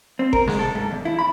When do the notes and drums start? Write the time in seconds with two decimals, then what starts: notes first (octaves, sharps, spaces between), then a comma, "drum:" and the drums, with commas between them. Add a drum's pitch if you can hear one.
0.19 C4
0.33 A#4, drum: kick G1
0.48 G#3, drum: snare
0.59 A4
0.75 G#2
0.91 E2
1.05 E4
1.19 B5